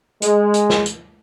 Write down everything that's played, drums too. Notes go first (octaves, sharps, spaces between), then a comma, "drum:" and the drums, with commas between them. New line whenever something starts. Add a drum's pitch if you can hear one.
G#3, drum: hi-hat
drum: hi-hat
drum: snare
drum: hi-hat